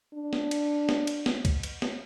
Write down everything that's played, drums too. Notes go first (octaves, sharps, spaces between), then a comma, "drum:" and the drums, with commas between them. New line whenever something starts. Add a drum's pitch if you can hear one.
D4
drum: snare
drum: cymbal
drum: snare
drum: cymbal
drum: snare
drum: kick C#2, cymbal
drum: cymbal
drum: snare